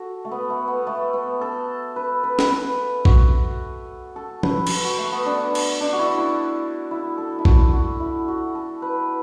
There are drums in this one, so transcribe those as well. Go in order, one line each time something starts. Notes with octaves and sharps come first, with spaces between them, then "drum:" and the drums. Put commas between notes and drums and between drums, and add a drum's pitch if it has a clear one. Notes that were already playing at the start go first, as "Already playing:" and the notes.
Already playing: F#4 A4
A3
B3
A3
B3
A3
B3
A4
B4
B4
drum: snare
B4
F#4, drum: kick A#1
A4
B4, drum: tom F3
drum: cymbal
F#4
A3
B3
D4
drum: cymbal
D4
F#4
E4
E4
E4
A4
E4
F#4, drum: kick A#1
F#4
E4
F#4
A4
B4